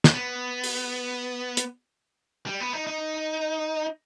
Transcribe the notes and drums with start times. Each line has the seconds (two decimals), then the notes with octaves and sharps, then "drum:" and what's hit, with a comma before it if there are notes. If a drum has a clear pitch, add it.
0.04 drum: snare
0.14 B3
0.64 drum: open hi-hat
1.57 drum: hi-hat
2.46 G3
2.60 B3
2.73 D#4
2.87 D#4